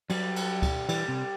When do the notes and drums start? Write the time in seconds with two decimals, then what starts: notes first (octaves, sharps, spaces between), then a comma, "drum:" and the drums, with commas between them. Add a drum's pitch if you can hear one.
0.10 F#3 G3, drum: cymbal
0.36 drum: cymbal
0.62 drum: kick C#2, cymbal
0.89 E3 G3, drum: cymbal
1.08 C3